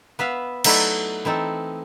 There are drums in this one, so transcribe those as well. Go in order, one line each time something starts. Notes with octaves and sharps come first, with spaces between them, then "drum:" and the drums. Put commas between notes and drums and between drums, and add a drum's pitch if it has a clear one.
B3 B4 E5 F5
F#3 A3 D#4 E4 A4 D5, drum: cymbal
E3 C4 D#4 A4